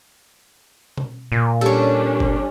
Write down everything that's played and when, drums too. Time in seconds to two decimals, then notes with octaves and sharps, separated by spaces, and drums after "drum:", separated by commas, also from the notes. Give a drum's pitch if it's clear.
0.97 drum: tom B2
1.32 A#2
1.61 G3 C#4 D4 G4 A4 C#5, drum: cymbal
2.20 drum: kick G1